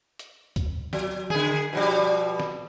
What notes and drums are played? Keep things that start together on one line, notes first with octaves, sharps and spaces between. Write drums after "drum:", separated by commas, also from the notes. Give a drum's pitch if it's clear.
drum: hi-hat
drum: kick, hi-hat
F#3, drum: snare
D3 G#4, drum: tom D#3
B2 F3 G3
drum: snare